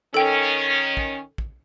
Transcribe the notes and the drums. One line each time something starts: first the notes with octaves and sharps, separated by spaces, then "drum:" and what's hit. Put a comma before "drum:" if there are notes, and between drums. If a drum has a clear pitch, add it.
D#3 C#4 A4 G5
drum: kick
drum: kick